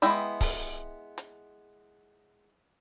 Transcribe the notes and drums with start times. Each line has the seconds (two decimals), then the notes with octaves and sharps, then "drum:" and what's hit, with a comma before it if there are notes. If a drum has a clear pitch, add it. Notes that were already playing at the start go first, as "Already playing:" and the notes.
0.02 G#3 B3 E4 G5 B5
0.41 drum: kick C#1, open hi-hat
1.18 drum: hi-hat